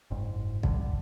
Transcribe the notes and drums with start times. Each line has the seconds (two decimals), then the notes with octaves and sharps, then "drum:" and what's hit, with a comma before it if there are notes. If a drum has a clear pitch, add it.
0.11 F#1 G#2
0.63 D3 G3, drum: kick